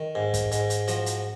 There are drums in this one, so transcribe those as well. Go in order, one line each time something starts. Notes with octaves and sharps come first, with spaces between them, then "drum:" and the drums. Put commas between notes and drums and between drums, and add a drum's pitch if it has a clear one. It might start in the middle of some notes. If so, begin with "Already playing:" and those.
Already playing: D#3
G#2
drum: kick, hi-hat
G#2, drum: hi-hat
drum: hi-hat
F3 F#4, drum: hi-hat
drum: hi-hat